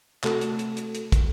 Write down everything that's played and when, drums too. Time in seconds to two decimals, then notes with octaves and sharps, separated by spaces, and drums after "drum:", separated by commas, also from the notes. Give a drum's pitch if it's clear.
0.24 C3 A3 F#4 A4, drum: clap
0.41 drum: hi-hat
0.59 drum: hi-hat
0.77 drum: hi-hat
0.95 drum: hi-hat
1.12 drum: kick, hi-hat